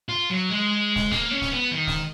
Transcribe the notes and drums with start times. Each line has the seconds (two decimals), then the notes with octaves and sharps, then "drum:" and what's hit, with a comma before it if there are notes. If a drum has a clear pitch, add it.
0.09 F4
0.30 F#3
0.49 G#3
0.96 drum: snare
1.11 A#3, drum: snare
1.31 C#4
1.41 drum: snare
1.52 B3
1.71 D#3
1.87 drum: snare